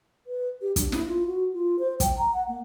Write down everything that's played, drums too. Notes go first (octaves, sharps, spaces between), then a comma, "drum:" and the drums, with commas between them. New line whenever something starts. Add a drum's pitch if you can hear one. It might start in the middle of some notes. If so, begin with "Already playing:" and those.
B4
G4
D4, drum: kick, hi-hat
E4, drum: snare
F4
F#4
F4
C5
G5, drum: kick, hi-hat
A#5
F#5
A#3